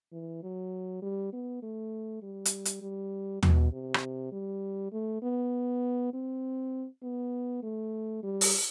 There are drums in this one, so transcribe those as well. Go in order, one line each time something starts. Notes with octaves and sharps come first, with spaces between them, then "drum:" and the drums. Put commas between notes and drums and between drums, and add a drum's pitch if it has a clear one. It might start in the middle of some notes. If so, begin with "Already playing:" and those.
E3
F#3
G3
B3
A3
G3
drum: hi-hat
drum: hi-hat
G3
B2, drum: tom D#2
C3
drum: rim click
G3
A3
B3
C4
B3
A3
G3
drum: open hi-hat